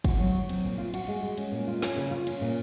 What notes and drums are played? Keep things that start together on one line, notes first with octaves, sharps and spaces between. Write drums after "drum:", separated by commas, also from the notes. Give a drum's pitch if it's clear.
F#4, drum: kick, cymbal
F#3
F#3
C4, drum: cymbal
A#2
F4
F#4, drum: cymbal
G#3
G#3
C#4, drum: cymbal
A#2
F4
C#4, drum: snare
C#3
F4
C#4, drum: cymbal
A#2